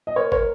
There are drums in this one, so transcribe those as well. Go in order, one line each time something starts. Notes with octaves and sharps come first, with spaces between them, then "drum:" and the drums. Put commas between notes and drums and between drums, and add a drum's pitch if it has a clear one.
D#5
A#4 C#5
A#4 C#5, drum: kick